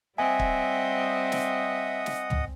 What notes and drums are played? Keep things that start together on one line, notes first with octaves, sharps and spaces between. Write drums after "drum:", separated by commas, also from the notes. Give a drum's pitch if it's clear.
G3 C4 D#5 E5 F#5 G#5 D#6
drum: kick
drum: snare
drum: snare
drum: tom